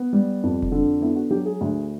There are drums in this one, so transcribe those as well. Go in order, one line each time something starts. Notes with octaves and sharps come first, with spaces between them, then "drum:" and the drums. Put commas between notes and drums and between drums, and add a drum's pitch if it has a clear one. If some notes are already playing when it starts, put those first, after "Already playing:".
Already playing: B3
G3
F2
drum: kick F1
D3
B3 E4
F#4
F#3 G4
G#4
D2